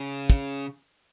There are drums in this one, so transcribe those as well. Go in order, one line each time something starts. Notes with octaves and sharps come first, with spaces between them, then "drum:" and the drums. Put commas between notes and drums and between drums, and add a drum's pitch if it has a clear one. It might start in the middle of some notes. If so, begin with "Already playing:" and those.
Already playing: C#3
drum: kick, hi-hat